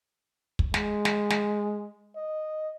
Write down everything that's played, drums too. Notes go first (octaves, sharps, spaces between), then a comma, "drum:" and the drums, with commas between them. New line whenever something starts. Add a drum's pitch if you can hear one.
drum: kick
G#3, drum: snare
drum: snare
drum: snare
D#5